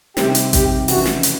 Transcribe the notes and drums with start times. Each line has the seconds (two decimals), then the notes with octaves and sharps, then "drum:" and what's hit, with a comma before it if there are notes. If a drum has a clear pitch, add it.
0.17 C3 D#3 G3 C4 G4, drum: snare
0.35 drum: hi-hat
0.53 G4, drum: kick A1, hi-hat
0.88 F2 C#3 E3 F#4, drum: open hi-hat
1.06 drum: snare
1.23 drum: hi-hat